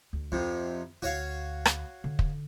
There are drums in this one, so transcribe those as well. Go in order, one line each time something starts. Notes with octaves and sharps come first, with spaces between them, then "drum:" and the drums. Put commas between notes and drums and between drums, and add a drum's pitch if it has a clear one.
D2
F2 C3 C4
D2 F#4 C#5 F5
drum: rim click
D3
drum: kick